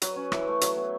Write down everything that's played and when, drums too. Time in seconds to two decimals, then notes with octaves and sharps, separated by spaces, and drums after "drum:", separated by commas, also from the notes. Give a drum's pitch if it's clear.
0.02 F#3 B4, drum: hi-hat
0.16 C#4
0.32 E3, drum: rim click
0.47 A3
0.61 F#3 B4, drum: hi-hat
0.77 B3